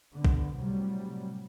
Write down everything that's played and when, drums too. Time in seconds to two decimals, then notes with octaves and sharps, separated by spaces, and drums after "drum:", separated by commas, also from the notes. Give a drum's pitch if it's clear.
0.15 D3 B3
0.25 drum: kick
0.57 A2 C3 F#3 G3